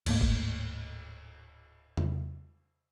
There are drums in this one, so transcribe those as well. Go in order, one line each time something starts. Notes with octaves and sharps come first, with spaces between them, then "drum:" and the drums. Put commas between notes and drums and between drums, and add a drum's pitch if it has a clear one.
D1 G#2 A3 A#3, drum: cymbal
drum: kick
drum: tom